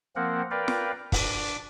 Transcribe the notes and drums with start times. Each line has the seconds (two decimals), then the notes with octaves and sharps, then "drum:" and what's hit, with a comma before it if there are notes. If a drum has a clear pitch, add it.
0.16 F3 A#3 C4 A#4 F#5
0.51 A#4 B4 D5 F5 G5
0.68 drum: snare
1.12 D4 D6, drum: kick, open hi-hat